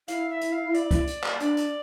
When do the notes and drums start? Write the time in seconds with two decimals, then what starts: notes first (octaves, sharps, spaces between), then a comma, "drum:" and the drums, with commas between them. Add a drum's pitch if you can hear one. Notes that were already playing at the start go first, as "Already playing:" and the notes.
0.08 E4 F5, drum: hi-hat
0.30 E5
0.41 drum: hi-hat
0.52 F5
0.74 D5, drum: hi-hat
0.91 drum: kick, hi-hat
1.07 drum: hi-hat
1.24 drum: clap
1.40 D4 D5, drum: hi-hat
1.57 drum: hi-hat